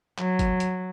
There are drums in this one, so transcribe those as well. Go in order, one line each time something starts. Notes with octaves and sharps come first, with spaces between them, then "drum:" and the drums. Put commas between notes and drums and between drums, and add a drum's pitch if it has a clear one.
F#3, drum: clap
drum: kick, hi-hat
drum: hi-hat